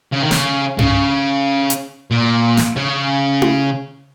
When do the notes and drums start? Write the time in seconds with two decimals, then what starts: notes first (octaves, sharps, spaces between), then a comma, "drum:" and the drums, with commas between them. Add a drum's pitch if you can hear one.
0.13 C#3
0.22 D#3
0.31 C#3, drum: snare
0.79 C#3, drum: tom G2
1.70 drum: hi-hat
2.11 A#2
2.57 drum: snare
2.77 C#3
3.42 drum: tom E4